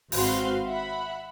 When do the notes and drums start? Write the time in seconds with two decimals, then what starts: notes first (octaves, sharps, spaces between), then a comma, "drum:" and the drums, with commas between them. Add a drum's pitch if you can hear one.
0.12 G#1 C4 F#4 B4 F5 C6, drum: open hi-hat
0.64 E5 F#5 B5